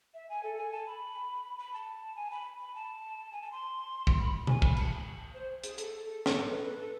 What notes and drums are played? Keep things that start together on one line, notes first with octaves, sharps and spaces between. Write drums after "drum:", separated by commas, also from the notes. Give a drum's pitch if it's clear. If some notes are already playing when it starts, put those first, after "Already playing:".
E5
G#5
A4
G#5
A5
B5
B5
A5
G#5
B5
B5
A5
G#5
A5
C6
drum: kick
B5
G#5, drum: tom B2
B5, drum: kick
A5, drum: cymbal
C5
G#4, drum: hi-hat
A4, drum: hi-hat
A4
drum: snare
B4
B4
A4